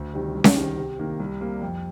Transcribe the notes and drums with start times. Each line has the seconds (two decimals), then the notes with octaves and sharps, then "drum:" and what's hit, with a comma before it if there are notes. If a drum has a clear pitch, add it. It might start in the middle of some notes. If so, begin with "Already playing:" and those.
Already playing: D2
0.14 C3 D#3 G3
0.35 C2
0.44 drum: snare C#4
0.56 C3 D#3
0.77 C3
0.99 D#3 A#3
1.20 C2
1.41 C3 G3 A#3
1.62 F2